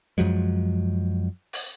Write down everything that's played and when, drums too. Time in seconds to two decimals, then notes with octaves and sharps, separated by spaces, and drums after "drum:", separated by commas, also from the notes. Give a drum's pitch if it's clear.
0.18 F#2 F3 F#3 G#3
1.53 drum: open hi-hat